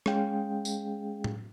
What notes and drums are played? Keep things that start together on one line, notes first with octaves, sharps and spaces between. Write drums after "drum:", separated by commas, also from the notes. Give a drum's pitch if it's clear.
G#3 C#4 G#4 F5 G5, drum: rim click
drum: tambourine
drum: tom A2